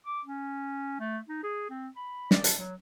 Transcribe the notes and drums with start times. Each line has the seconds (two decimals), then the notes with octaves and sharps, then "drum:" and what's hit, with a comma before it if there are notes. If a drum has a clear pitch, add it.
0.06 D6
0.25 C#4
1.00 A3
1.29 D#4
1.43 G#4
1.70 C4
1.96 B5
2.31 D5, drum: snare
2.44 A5, drum: hi-hat
2.58 F#3